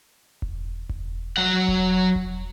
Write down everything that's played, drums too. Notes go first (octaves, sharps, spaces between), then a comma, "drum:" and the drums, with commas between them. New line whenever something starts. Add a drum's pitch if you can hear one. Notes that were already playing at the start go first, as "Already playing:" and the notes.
drum: kick E1
drum: kick E1
F#3 F#5
drum: kick E1
drum: kick E1